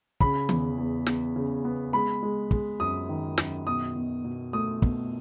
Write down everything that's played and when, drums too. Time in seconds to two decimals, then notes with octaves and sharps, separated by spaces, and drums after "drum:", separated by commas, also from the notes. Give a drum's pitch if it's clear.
0.20 C#3 B5, drum: kick
0.49 E2, drum: tom D#3
0.78 E2
1.06 E2, drum: snare
1.36 C#3
1.65 B3
1.93 G#3 B5
2.23 G#3
2.51 G#3, drum: kick
2.80 F#2 D#6
3.09 D#3
3.38 F#2, drum: snare
3.67 B2 D#6
3.96 B2
4.24 B2
4.53 A3 D#6
4.82 B2, drum: kick